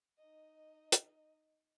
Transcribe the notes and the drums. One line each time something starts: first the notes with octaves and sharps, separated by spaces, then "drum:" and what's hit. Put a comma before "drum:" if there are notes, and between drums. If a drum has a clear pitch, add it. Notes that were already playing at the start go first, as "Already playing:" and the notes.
D#4 D#5
drum: hi-hat